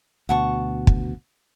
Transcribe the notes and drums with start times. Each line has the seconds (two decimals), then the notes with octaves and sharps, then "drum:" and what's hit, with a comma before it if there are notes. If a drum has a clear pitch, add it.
0.29 D2 B2 F#5 A5 C#6
0.87 drum: kick